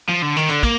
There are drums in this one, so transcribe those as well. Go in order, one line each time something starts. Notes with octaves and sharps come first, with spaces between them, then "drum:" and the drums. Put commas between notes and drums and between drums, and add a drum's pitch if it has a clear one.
F3
D3
D#3, drum: hi-hat
D3, drum: hi-hat
A#3, drum: kick, hi-hat